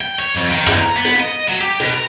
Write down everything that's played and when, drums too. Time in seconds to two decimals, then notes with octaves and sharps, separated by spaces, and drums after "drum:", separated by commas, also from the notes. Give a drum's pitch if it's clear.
0.01 G5
0.19 C#5
0.35 F2
0.51 D#3
0.66 D#2, drum: rim click
0.81 A#5
0.96 B3
1.05 drum: hi-hat
1.20 D#5
1.48 F#3
1.60 G4
1.80 B2, drum: hi-hat
1.94 A#5